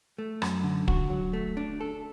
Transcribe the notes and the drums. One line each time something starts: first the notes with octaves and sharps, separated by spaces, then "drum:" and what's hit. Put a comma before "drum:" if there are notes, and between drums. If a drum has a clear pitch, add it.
A3
F#2, drum: rim click
D3
F#4, drum: kick
F#3
A3
D4
A4